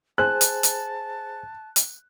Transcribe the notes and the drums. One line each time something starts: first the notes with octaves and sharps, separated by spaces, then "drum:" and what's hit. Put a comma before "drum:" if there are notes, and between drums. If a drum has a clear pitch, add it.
G#4 C5 G#5 A5 F#6
drum: hi-hat
drum: hi-hat
drum: hi-hat